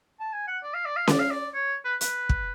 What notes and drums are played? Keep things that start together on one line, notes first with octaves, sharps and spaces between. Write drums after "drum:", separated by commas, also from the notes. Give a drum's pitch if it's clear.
A5
G#5
F#5
D5
F5
D5
F5
D5, drum: snare C#4
F5
D5
C#5
B4
B4, drum: hi-hat
drum: kick